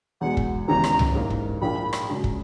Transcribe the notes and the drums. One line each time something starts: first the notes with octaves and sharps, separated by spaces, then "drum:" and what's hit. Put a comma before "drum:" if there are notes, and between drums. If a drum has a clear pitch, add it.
E2 B2 G#3 F#5
drum: kick
E1 D#2 C#3 E3 B3 A#5
drum: rim click
drum: tom C2
G#2 E3 A#3
drum: kick
A#1 A#2 A#3 E4 G#4 B5
drum: rim click
F#1 F#2 C#3 G#3
drum: kick